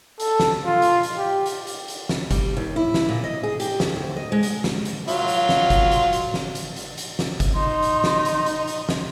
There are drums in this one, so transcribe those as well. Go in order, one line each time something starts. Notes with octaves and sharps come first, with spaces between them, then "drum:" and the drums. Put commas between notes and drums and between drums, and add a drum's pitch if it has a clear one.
A4, drum: hi-hat
drum: snare
F4
drum: hi-hat
drum: hi-hat
G4
drum: hi-hat
drum: hi-hat
drum: hi-hat
drum: snare
G3, drum: kick G1, hi-hat
D#2
E4
drum: snare
A#2
D#5
G#4
G4, drum: hi-hat
D#2, drum: snare
D2
D#5
G#3
drum: hi-hat
drum: snare
drum: hi-hat
F#3 F4, drum: hi-hat
drum: hi-hat
drum: snare
drum: kick G1, hi-hat
drum: hi-hat
drum: hi-hat
drum: snare
drum: hi-hat
drum: hi-hat
drum: hi-hat
drum: snare
drum: kick G1, hi-hat
D#4 C6
drum: hi-hat
drum: snare
drum: hi-hat
drum: hi-hat
drum: hi-hat
drum: snare